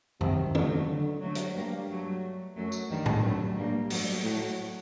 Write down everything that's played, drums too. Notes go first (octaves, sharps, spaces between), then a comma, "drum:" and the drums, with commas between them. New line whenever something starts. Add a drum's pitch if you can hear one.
C3 D#3 G3, drum: tom F#2
D3 F#3 A3, drum: tom
D3
F#3 A3
drum: hi-hat
G2 G3 A#3
F#3 A3
F#2 F#3 A3
drum: tambourine
G2 D#3 G3
drum: tom A2
G2 F#3 A3
G2 G3 A#3
F#3 A3, drum: open hi-hat
A2 F#3 A3